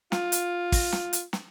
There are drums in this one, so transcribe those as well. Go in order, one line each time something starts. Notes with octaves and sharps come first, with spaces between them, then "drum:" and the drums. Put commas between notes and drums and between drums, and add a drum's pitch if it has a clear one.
F4, drum: snare
drum: hi-hat
drum: kick, open hi-hat
drum: snare
drum: hi-hat
drum: snare